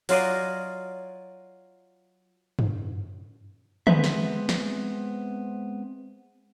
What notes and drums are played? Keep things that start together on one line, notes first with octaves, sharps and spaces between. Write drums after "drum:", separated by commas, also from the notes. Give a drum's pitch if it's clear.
F#3 F4 D5 D#5, drum: open hi-hat
drum: tom
G#3 B3 C4 B4 E5, drum: tom D3
drum: snare
drum: snare